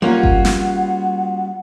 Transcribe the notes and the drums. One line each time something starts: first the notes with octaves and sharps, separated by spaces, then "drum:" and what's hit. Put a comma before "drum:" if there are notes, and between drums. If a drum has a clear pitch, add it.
G3 A#3 C#4 F4 F#4 F#5
drum: kick G1
drum: snare